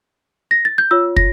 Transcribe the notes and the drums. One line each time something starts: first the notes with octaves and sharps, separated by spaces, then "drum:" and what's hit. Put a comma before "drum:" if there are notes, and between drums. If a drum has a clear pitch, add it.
A#6
A6
G6
F4 C#5 E6
A#6, drum: kick